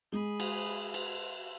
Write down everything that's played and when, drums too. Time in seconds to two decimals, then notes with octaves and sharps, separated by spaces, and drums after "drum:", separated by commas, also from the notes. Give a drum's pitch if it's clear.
0.12 G#3 G#4 B5
0.40 drum: cymbal
0.94 drum: cymbal